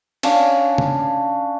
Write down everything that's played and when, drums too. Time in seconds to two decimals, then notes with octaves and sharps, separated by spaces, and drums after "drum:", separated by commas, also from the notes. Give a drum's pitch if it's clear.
0.23 C#4 D4 F5, drum: cymbal
0.78 drum: tom C3